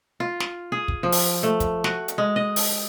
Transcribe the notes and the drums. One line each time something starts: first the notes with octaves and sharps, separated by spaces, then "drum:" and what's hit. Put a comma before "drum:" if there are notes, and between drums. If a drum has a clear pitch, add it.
F4
drum: snare
G#4
drum: kick
F3
drum: open hi-hat
A3
drum: kick, hi-hat
F#4, drum: snare
drum: hi-hat
G#3
D#5
drum: open hi-hat